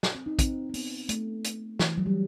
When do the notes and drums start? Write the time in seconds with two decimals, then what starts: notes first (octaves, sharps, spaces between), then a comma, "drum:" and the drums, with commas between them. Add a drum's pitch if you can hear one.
0.03 drum: snare
0.15 C4
0.26 D#4
0.39 C4, drum: kick, hi-hat
0.70 C4
0.74 B3, drum: open hi-hat
1.09 A3, drum: hi-hat
1.44 drum: hi-hat
1.79 E3, drum: snare
1.98 F#3
2.06 G3